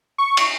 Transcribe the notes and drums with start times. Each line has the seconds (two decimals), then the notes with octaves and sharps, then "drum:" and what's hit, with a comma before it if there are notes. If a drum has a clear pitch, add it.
0.18 C#6
0.37 drum: cymbal